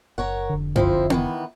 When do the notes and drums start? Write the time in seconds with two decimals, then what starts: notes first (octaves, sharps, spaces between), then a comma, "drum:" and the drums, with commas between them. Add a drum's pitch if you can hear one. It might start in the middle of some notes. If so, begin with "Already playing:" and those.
0.18 F#1 A#4 C#5 F#5
0.49 F1 D3
0.76 F3 C4 E4, drum: tom F#2
1.10 D#3 E3 B3, drum: tom B3